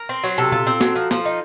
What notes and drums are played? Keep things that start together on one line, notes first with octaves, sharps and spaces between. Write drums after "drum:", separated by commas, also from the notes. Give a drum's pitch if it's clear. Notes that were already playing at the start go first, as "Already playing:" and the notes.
Already playing: A#4
C4
F#3
C3 A4
F4, drum: tom A#2
C4
F#3, drum: snare
F3
F3, drum: snare
D#4